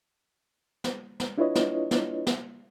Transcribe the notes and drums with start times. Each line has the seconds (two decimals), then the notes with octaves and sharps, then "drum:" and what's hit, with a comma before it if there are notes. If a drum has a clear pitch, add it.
0.84 drum: snare
1.20 drum: snare
1.38 D4 E4 F4 B4 C#5 D#5
1.55 drum: snare
1.91 drum: snare
2.27 drum: snare